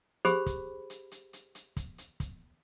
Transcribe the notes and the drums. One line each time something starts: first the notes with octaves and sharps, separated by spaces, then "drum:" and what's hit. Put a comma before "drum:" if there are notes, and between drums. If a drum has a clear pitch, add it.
G4 G#4 C5 B5, drum: hi-hat
drum: kick, hi-hat
drum: hi-hat
drum: hi-hat
drum: hi-hat
drum: hi-hat
drum: kick, hi-hat
drum: hi-hat
drum: kick, hi-hat